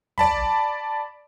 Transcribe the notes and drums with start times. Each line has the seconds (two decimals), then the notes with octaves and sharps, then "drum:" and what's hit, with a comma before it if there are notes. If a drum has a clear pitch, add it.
0.18 D5 A5 B5, drum: tom